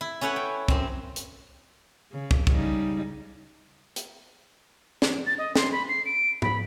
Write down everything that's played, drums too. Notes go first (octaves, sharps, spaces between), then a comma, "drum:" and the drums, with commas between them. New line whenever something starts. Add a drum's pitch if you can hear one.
E4
C#4 A4 B4 C#5 F#5
G5
F#2 C4, drum: kick
drum: hi-hat
C#3
drum: kick
C#3 G3 D#4, drum: kick
drum: hi-hat
drum: snare
A6
D#5
C6, drum: snare
B5
C7
D7
B5, drum: tom G#2